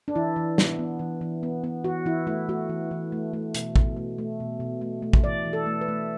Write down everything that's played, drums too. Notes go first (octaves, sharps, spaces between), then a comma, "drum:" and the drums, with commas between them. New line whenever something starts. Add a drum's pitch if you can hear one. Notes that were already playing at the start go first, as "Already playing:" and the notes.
D4
E3 E4
E3
B3, drum: snare
B3
E3
E3
B3
B3
E3 F#4
E3 E4
A3 E4
A3 F#4
E3
E3
A3
A3
B2, drum: hi-hat
B2, drum: kick
A3
A3
B2
B2
A3
A3
drum: kick
E3 D5
E3
A4
A3
B4
A3